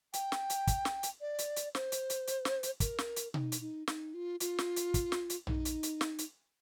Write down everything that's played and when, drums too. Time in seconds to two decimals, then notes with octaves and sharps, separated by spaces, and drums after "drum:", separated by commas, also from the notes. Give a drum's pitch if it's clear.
0.13 G5, drum: hi-hat
0.32 drum: snare
0.50 drum: hi-hat
0.67 drum: kick, hi-hat
0.85 drum: snare
1.03 drum: hi-hat
1.21 D5
1.38 drum: hi-hat
1.56 drum: hi-hat
1.75 C5, drum: snare
1.92 drum: hi-hat
2.10 drum: hi-hat
2.27 drum: hi-hat
2.45 drum: snare
2.63 drum: hi-hat
2.80 A#4, drum: kick, hi-hat
2.98 drum: snare
3.16 drum: hi-hat
3.34 D#4, drum: tom B2
3.52 drum: hi-hat
3.61 D#4
3.87 D#4, drum: snare
4.14 F4
4.40 F4, drum: hi-hat
4.58 drum: snare
4.76 drum: hi-hat
4.94 drum: kick, hi-hat
5.12 drum: snare
5.30 drum: hi-hat
5.47 D#4, drum: tom A#1
5.65 drum: hi-hat
5.83 drum: hi-hat
6.01 drum: snare
6.18 drum: hi-hat